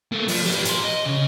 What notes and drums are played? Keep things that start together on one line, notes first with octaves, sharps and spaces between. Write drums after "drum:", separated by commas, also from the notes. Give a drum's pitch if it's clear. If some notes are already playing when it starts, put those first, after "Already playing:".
A#3 A4
F3, drum: open hi-hat
G4 B4
A#2 C6, drum: hi-hat
D#5
C#3 C#4